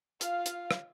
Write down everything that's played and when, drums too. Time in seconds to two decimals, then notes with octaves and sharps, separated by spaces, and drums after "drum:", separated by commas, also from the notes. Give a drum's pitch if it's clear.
0.21 F4 F5, drum: hi-hat
0.46 drum: hi-hat
0.71 drum: rim click